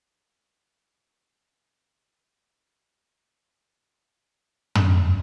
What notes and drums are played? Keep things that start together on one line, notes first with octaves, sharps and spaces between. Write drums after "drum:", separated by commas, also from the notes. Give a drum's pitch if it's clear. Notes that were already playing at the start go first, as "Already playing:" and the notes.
A#4 C#5 D5 A5 B5
G#4
C3
D5 G#5 E6
G#4 D5
drum: tom